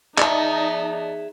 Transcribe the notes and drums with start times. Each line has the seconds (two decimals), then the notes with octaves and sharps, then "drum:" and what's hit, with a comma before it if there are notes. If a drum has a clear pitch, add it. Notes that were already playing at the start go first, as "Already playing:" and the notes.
0.18 D#4 G#4 D5 E5 A5, drum: clap